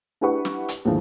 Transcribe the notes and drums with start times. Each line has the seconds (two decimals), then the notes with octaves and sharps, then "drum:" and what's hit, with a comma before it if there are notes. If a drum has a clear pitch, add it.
0.21 D4 E4 G4 B4 F#5 C#6
0.45 drum: snare
0.68 drum: hi-hat
0.85 D#2 G#2 D3 E3 F3